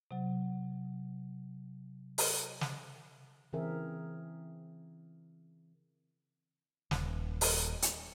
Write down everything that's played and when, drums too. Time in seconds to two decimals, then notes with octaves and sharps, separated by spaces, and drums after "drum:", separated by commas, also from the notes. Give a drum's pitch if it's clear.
0.11 C3 F#3
2.18 drum: open hi-hat
2.61 drum: snare
3.53 C#3 E3 C4 G#4 A#4 E5
6.91 D#1, drum: snare
7.41 drum: open hi-hat
7.82 drum: hi-hat